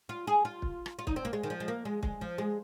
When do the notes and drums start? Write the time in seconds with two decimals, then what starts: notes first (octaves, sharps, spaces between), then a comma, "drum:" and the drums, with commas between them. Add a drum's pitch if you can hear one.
0.09 F4
0.27 G#4
0.45 F4
0.62 drum: kick
0.86 drum: rim click
0.99 F4
1.07 D#4, drum: kick
1.16 C4
1.25 A#3
1.33 G#3
1.43 D#3
1.50 F3
1.60 G#3
1.68 A#3
1.85 G#3
2.03 G#3, drum: kick
2.21 F3
2.38 G#3